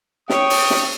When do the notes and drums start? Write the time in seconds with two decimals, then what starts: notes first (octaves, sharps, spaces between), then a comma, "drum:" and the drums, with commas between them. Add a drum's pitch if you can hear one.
0.30 C#5 G5 D#6, drum: snare
0.50 drum: open hi-hat
0.70 drum: snare